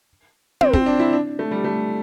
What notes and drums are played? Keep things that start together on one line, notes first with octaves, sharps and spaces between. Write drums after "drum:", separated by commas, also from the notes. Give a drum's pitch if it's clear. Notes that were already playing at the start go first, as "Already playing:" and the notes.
C4, drum: tom
C4, drum: kick
D4
E4
D4
A3
G3
A3